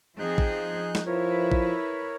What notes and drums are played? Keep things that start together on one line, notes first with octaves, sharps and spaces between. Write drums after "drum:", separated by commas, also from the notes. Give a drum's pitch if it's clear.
F3 C4 D#4 G#4 F#6 G6
drum: kick
drum: snare
F3 E4 A#4 B4 C#5
drum: kick